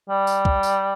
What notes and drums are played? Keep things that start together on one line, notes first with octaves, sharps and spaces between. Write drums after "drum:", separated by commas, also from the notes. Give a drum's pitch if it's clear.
G3
drum: tambourine
drum: kick
drum: tambourine